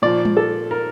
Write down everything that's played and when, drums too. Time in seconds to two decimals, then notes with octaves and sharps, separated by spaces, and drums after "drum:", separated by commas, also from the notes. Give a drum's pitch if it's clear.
0.02 A#2 F3 D5
0.25 drum: tom G3
0.37 A4
0.71 A#4